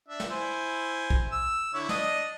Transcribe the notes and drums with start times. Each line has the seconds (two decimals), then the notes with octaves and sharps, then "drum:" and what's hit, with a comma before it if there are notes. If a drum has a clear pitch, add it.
0.08 D4 E5
0.20 drum: snare
0.30 E4 C5 G#5
1.10 drum: kick
1.32 E6
1.74 D3 E4 C#5
1.89 D4 D#5 D#6, drum: snare